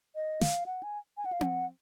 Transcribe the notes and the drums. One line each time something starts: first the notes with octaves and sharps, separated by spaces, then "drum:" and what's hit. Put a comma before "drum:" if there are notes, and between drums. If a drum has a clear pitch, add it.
D#5
F5, drum: snare
F#5
G#5
G#5
F#5
F5
F#5, drum: tom C4